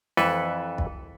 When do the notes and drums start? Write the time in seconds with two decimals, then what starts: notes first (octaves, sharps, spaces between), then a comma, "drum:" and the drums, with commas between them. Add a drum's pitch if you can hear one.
0.17 F2 E3 A4 B4 E5, drum: snare
0.78 drum: kick